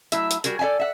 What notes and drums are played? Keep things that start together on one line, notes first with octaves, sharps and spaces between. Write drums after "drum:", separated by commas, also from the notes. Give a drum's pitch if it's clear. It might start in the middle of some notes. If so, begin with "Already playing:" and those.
F#3 A3 E4 E5, drum: hi-hat
drum: hi-hat
G3 F#4 G#4 A#4, drum: hi-hat
A4 D5 E5 G5 G#5
E5 F#5